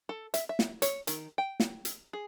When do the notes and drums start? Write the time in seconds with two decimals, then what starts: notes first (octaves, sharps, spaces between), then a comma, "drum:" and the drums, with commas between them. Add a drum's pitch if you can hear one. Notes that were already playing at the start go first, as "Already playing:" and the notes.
0.09 A4
0.34 E5, drum: hi-hat
0.49 E5
0.59 drum: snare
0.82 C#5, drum: hi-hat
1.07 D#3, drum: hi-hat
1.38 G5
1.60 drum: snare
1.85 drum: hi-hat
2.13 G#4